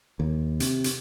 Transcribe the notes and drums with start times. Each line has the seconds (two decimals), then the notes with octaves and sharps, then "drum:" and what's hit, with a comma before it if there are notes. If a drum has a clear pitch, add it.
0.20 D#2
0.60 C3, drum: hi-hat
0.84 drum: hi-hat